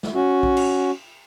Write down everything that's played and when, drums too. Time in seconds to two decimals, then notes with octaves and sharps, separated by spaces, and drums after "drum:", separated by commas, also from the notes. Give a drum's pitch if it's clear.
0.03 drum: snare
0.14 C#4 F#4
0.43 drum: kick A#1
0.57 drum: cymbal